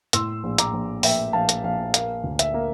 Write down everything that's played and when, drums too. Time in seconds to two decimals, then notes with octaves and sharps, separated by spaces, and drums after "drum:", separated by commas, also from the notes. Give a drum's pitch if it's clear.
0.13 A2 C6 E6, drum: hi-hat
0.44 A#1
0.58 A#5 D6, drum: hi-hat
0.73 A#1
1.03 A#1 E5 G5, drum: open hi-hat
1.33 A#1 F5 A5
1.49 drum: hi-hat
1.64 A#1 F5
1.94 A#3 F5, drum: hi-hat
2.24 D2
2.39 E5, drum: hi-hat
2.54 A#3